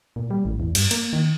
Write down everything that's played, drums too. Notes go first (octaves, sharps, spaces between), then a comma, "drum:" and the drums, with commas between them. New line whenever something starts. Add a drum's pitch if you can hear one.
A#2
G3
A1
E2
G2, drum: cymbal
A#3, drum: cymbal
D#3